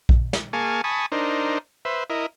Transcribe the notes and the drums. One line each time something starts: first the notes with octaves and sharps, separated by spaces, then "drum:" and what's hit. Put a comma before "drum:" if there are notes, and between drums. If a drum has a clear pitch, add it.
drum: kick A#1
drum: snare
A#3 G#4 F5 G#5 A5 C#6
G#5 A5 B5 C#6 D#6
D4 D#4 A#4 C5
B4 C5 E5
E4 A#4 D#5